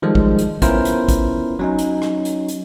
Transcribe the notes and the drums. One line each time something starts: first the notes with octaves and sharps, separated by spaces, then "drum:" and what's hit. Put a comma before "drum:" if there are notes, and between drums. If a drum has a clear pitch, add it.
D#3 F3 G3 G#3 A4
drum: kick
drum: hi-hat
B3 C#4 E4 F4 A#4 C5, drum: kick, hi-hat
drum: hi-hat
drum: kick, hi-hat
F#3 C#4 D#4
drum: hi-hat
drum: rim click
drum: hi-hat
drum: hi-hat